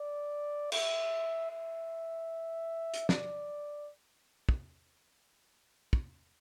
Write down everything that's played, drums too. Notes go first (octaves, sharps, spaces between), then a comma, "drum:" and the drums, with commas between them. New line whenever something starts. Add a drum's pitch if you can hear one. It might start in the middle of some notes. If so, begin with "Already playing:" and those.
Already playing: D5
E5, drum: cymbal
E5
drum: hi-hat
D5, drum: snare
drum: kick
drum: kick